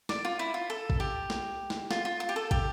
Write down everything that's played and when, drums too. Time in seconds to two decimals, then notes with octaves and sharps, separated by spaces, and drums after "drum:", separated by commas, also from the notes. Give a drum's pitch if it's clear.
0.09 D5, drum: snare
0.25 F4
0.39 E4
0.54 F4
0.70 A4
0.90 drum: kick
1.00 G4
1.30 drum: snare
1.70 drum: snare
1.91 F4, drum: snare
2.05 F4
2.20 F4
2.29 G4
2.36 A4
2.51 G4, drum: kick